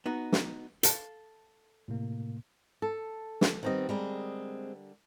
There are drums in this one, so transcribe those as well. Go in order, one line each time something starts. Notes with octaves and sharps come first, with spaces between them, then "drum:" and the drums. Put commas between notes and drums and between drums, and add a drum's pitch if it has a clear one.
B3 D#4 F#4
drum: snare
A4 F5 A5, drum: hi-hat
A2 C3 A#3
A4
drum: snare
D#3 G3 B3 C4 D#5
D3 G3 G#3 C4 G#4 A#4